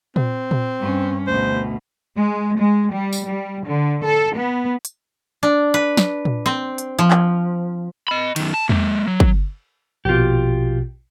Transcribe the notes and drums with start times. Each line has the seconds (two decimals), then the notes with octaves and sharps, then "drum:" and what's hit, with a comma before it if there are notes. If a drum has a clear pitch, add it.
0.16 C4, drum: tom A#2
0.51 drum: tom A#2
0.80 G2 C#4
1.27 D2 B2 C5
2.15 G#3
2.58 G#3
2.92 G3
3.13 drum: tambourine
3.26 G3
3.66 D3
4.05 A4
4.35 B3
4.85 drum: hi-hat
5.43 D4
5.74 B4
5.97 drum: snare
6.25 drum: tom A#2
6.46 C4
6.78 drum: hi-hat
6.99 F3
7.11 drum: clap
8.08 D#5 B5
8.36 F#2 D#3, drum: cymbal
8.54 A5
8.69 G#3 A#3, drum: tom E2
9.07 F#3
9.20 drum: kick
10.05 A#1 B2 F4 G4